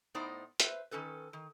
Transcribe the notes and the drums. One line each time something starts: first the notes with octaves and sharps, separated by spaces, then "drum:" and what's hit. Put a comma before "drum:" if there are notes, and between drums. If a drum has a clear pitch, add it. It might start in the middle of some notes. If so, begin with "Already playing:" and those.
A2 B3 D#4 C5 D5 A#5
B4 C5 E5, drum: hi-hat
D#3 G3 C#4 A4 B4
D#3